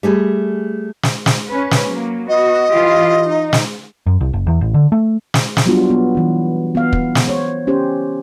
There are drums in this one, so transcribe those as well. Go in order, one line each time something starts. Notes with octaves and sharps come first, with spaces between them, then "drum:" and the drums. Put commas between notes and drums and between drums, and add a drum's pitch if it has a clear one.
G3 A3 G#4
drum: snare
drum: snare
C#4 B4
drum: snare
F#3 A#3
B3 F#4 D#5
E3 F4 G4
D#4
drum: snare
F#2
C2
F#1
E2
A1
D3
A3
drum: snare
drum: snare
F#3 G3 B3 D4 F4 F#4
B3
E3 F#3
B3 F5
drum: kick
drum: snare
C5 C#5
C#4 G4 C5